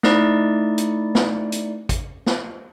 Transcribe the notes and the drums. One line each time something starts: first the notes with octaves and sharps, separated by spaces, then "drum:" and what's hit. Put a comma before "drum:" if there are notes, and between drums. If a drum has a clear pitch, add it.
A3 D#4 E4 D5, drum: snare
drum: hi-hat
drum: snare
drum: hi-hat
drum: kick, hi-hat
drum: snare